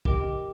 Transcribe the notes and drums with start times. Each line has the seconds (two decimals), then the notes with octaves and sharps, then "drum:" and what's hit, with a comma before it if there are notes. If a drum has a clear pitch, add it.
0.05 G4 A#4 D#5 G5 D6, drum: kick